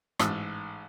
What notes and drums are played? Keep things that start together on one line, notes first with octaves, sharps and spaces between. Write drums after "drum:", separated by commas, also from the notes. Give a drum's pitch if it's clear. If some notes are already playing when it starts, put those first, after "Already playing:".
A1 G#2 D#6 E6, drum: rim click